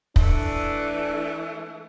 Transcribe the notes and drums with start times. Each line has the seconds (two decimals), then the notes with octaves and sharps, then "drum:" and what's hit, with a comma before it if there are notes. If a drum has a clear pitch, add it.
0.16 E3 A3 D4, drum: kick